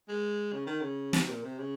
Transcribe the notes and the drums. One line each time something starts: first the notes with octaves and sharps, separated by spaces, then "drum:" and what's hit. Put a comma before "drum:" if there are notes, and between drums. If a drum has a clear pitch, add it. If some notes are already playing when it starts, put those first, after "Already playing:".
G#3
C#3
D#3
C#3
C3, drum: snare
A#2
C3
C#3